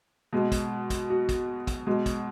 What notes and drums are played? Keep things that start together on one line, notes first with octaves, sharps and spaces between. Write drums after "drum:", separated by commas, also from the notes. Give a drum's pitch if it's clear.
B2 G#3
drum: kick, hi-hat
drum: kick, hi-hat
F#4
drum: kick, hi-hat
drum: kick, hi-hat
B2 G#3
drum: kick, hi-hat